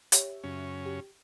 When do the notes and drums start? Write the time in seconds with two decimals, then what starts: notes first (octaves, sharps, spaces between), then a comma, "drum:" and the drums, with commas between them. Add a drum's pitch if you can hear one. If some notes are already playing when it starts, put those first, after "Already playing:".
0.12 G4 C#5 E5, drum: hi-hat
0.43 F#2 C#3 C#4
0.86 G4